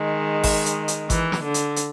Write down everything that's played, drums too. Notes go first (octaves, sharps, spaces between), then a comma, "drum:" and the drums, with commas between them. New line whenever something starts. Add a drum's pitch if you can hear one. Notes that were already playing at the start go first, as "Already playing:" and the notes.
Already playing: D#3 G#3
drum: kick G#1, open hi-hat
drum: hi-hat
drum: hi-hat
E3, drum: kick G#1, hi-hat
drum: snare
D3
drum: hi-hat
drum: hi-hat